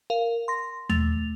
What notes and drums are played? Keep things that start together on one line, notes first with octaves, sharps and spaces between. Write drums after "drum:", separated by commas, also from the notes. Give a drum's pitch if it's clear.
A#4 F5
C6 A#6
A3 A6 F7, drum: tom D#2